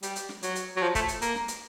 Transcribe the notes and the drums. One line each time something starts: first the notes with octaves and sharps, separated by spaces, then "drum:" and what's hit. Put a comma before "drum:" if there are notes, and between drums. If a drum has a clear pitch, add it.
G3, drum: hi-hat
drum: hi-hat
drum: snare
F#3, drum: hi-hat
drum: hi-hat
F#3
F3
A3, drum: kick, hi-hat
drum: hi-hat
A#3, drum: hi-hat
drum: snare
drum: hi-hat